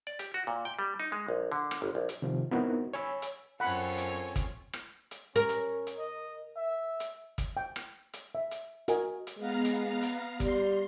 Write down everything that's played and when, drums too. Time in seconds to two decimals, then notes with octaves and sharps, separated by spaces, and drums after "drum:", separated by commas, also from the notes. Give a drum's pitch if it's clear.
0.07 D5
0.19 G4, drum: hi-hat
0.34 F#4
0.47 A#2
0.65 G5
0.79 G3
1.00 D#4
1.12 G#3
1.28 A#1
1.52 D3
1.71 drum: rim click
1.82 G1
1.95 A#1
2.09 drum: hi-hat
2.22 C3 D#3 F3
2.51 B3 C4 D#4 E4 F#4 A#4
2.93 C#5 G#5 B5 E6
3.22 drum: hi-hat
3.60 F#2 C4 F4 A4 C#5 F#5 G#5 B5
3.98 drum: hi-hat
4.36 drum: kick, hi-hat
4.73 drum: rim click
5.11 drum: hi-hat
5.36 C#4 A#4
5.49 drum: hi-hat
5.87 drum: hi-hat
5.98 D#5
6.56 E5
7.00 drum: hi-hat
7.38 drum: kick, hi-hat
7.57 G5
7.76 drum: rim click
8.14 drum: hi-hat
8.35 E5
8.51 drum: hi-hat
8.88 F#4 A#4 D#5 G#5, drum: hi-hat
9.27 drum: hi-hat
9.38 G#3 B3 F5 A#5
9.65 drum: hi-hat
10.03 drum: hi-hat
10.40 G3 C6, drum: kick, hi-hat